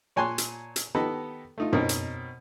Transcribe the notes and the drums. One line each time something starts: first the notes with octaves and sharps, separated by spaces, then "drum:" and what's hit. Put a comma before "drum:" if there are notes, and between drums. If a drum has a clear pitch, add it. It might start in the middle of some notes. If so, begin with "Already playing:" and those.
A#2 C#5 G#5 A5 C6 F#6
drum: hi-hat
drum: hi-hat
D#3 B3 G4 A4 B4 D#5
A3 D#4 F4
B2 C4 C#4 D#4 A#4, drum: tom F#2
drum: hi-hat